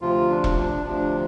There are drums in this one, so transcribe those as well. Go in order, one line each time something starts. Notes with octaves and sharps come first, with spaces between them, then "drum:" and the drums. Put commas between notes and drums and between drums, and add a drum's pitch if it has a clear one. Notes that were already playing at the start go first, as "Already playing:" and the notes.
D2 C3 F3 F4
D4
drum: kick E1
D4
D2 C3 F3 D4